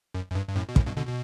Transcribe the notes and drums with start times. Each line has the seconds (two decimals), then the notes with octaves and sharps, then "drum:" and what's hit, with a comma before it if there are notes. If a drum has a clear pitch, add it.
0.14 F#2
0.31 F#2
0.35 G2
0.49 G2
0.56 F#2 A2
0.69 B2
0.76 F#2 A2, drum: kick
0.86 G2 B2
0.97 B2 D3
1.07 B2